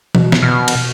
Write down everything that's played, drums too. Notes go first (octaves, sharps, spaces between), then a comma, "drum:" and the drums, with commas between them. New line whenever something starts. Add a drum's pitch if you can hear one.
B2, drum: tom E3
drum: snare
B2 F6
drum: cymbal